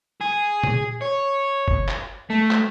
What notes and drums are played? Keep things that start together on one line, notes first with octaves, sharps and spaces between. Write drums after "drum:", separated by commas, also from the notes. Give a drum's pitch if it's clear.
G#4
drum: tom A#2
C#5
drum: kick
drum: clap
A3
drum: clap